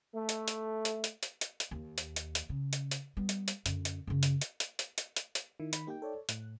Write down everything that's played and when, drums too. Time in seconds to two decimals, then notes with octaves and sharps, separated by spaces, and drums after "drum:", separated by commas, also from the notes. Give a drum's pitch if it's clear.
0.14 A3
0.29 drum: hi-hat
0.48 drum: hi-hat
0.85 drum: hi-hat
1.04 drum: hi-hat
1.23 drum: hi-hat
1.41 drum: hi-hat
1.60 drum: hi-hat
1.71 D#2
1.98 drum: hi-hat
2.16 drum: hi-hat
2.35 drum: hi-hat
2.49 C#3
2.73 drum: hi-hat
2.91 drum: hi-hat
3.17 G3 B3
3.29 drum: hi-hat
3.48 drum: hi-hat
3.66 F#2 D3, drum: hi-hat
3.85 drum: hi-hat
4.07 F#2 C#3
4.23 drum: hi-hat
4.41 drum: hi-hat
4.60 drum: hi-hat
4.79 drum: hi-hat
4.98 drum: hi-hat
5.17 drum: hi-hat
5.35 drum: hi-hat
5.60 D#3 E4
5.73 B5, drum: hi-hat
5.87 A#3 D#4 G4 G5
6.02 A4 C#5 D5
6.29 A2 F#6, drum: hi-hat